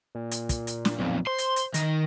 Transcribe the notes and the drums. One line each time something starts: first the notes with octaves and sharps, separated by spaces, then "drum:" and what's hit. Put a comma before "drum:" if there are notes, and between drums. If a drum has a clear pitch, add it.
A#2
drum: hi-hat
drum: kick, hi-hat
drum: hi-hat
drum: snare
B1 F2
C5 C6
drum: hi-hat
drum: hi-hat
D#3 A#6, drum: hi-hat